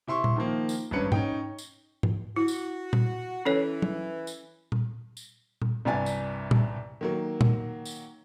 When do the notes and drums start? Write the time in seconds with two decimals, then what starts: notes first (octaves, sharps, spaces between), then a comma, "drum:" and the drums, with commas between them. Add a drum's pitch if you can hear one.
0.07 C3 E4 C6 C#6
0.24 drum: tom A#2
0.36 D#3 F3 A#3
0.69 drum: tambourine
0.91 G#1 G2 C#4 B4 C#7
1.12 C#4 D#4 G5, drum: tom G#2
1.58 drum: tambourine
2.03 drum: tom G#2
2.36 E4 F#4
2.48 drum: tambourine
2.93 drum: tom A#2
3.45 E3 C#4 A4 C#5
3.82 drum: tom
4.27 drum: tambourine
4.72 drum: tom A#2
5.17 drum: tambourine
5.62 drum: tom A#2
5.85 C2 G2 C3 D4 G#5 A6
6.06 drum: tambourine
6.51 drum: tom
7.01 D#3 F#3 A#3
7.41 drum: tom
7.85 drum: tambourine